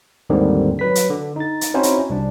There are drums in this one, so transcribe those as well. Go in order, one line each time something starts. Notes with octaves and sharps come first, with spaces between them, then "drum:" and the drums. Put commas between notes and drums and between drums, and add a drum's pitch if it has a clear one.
D#2 G#2 D3 D#3 G3 C4
F#3 B4 B6
drum: hi-hat
D3
D#4 A6
drum: hi-hat
C4 C#4 D#4 E4 F#4 C5
drum: hi-hat
C2 D4